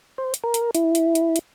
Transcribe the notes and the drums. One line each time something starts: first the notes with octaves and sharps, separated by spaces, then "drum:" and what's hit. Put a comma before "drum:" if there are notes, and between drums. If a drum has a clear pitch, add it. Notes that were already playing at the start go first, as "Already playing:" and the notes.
C5
drum: hi-hat
A#4
drum: hi-hat
E4, drum: hi-hat
drum: hi-hat
drum: hi-hat
drum: hi-hat